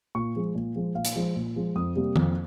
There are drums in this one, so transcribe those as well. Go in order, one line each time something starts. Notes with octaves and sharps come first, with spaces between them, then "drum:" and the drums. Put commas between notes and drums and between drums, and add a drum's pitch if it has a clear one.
A#2 C#6
F3 G#3
A#2
F3 G#3
A#2 F5
drum: hi-hat
F3 G#3
A#2
F3 G#3
F2 D#6
C3 G3 A#3
F2, drum: tom